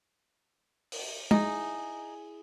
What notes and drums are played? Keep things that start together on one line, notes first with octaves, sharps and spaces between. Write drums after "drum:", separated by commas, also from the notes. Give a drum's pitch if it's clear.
drum: open hi-hat
D#4 E4 G#4, drum: tom